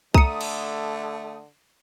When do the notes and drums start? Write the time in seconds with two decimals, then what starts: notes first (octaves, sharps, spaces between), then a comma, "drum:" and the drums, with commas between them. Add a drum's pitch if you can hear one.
0.14 D3 A3 A#5 D#6 C#7, drum: kick C2
0.41 drum: cymbal